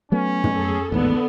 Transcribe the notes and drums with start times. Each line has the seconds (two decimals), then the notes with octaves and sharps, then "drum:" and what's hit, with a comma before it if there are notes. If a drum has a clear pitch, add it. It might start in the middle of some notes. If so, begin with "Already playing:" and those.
0.12 F#3 A3 B3 C#4
0.44 drum: tom
0.54 G#4 A4
0.92 A1 D#2 G#2 D3 B3